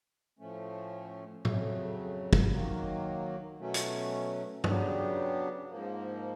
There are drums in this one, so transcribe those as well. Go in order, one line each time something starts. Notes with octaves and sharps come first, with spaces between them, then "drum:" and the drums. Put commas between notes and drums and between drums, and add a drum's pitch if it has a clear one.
A2 F3 A3 C#4
F2 C#3 F#3 A3, drum: tom A2
drum: kick
D#3 F#3 A#3
B2 F#3 A3 C#4
drum: hi-hat
C#3 F#3 B3 D4 G4, drum: tom G2
G#2 F3 A#3